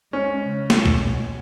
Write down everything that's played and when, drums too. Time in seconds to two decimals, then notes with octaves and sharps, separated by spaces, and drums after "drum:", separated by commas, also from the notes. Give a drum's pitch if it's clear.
0.13 G#3 C#4
0.48 C#3
0.70 drum: snare
0.85 B2, drum: kick B1